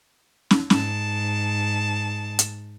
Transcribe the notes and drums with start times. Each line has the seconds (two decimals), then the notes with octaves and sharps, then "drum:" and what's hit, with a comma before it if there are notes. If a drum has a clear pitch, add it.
0.51 drum: snare
0.70 G#2 A5, drum: snare
2.39 drum: hi-hat